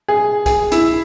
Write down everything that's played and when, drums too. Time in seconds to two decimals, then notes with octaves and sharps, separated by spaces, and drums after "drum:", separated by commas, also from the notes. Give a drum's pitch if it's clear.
0.08 G#4
0.46 G#4, drum: kick C2, hi-hat
0.72 E4, drum: hi-hat